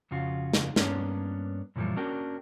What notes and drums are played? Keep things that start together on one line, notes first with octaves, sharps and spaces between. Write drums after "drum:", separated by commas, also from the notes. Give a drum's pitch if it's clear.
F2 C#3 F4 F#4
drum: snare
G2 A#2 A#3 B3 C#4 D4, drum: snare
F#2 A#2 E3 F3 G3 A3
A#3 C#4 D4 F#4 A#4 G5